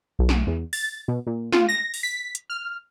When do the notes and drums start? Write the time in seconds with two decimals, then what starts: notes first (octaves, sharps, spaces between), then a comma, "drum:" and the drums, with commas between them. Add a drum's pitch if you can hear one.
0.19 B1
0.29 drum: snare
0.47 E2
0.73 A6, drum: open hi-hat
1.08 B2
1.27 A#2
1.53 F4, drum: snare
1.68 A#6
1.94 drum: open hi-hat
2.03 B6
2.35 drum: hi-hat
2.50 F6